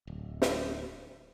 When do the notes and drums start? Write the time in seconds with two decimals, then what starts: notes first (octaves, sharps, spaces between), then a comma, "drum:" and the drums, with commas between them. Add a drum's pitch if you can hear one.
0.07 D1
0.42 drum: snare